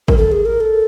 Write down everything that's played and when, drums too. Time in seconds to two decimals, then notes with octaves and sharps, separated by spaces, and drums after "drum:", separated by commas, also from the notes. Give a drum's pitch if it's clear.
0.08 A#4, drum: kick G#1
0.18 A4
0.32 G#4
0.46 A#4
0.60 A4